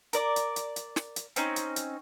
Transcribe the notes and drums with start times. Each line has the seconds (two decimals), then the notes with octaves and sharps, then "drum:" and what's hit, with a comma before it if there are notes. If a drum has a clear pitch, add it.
0.13 A#4 D5 D6, drum: hi-hat
0.36 drum: hi-hat
0.56 drum: hi-hat
0.76 drum: hi-hat
0.96 drum: snare
1.16 drum: hi-hat
1.36 C4 C#4 D#4, drum: hi-hat
1.56 drum: hi-hat
1.76 drum: hi-hat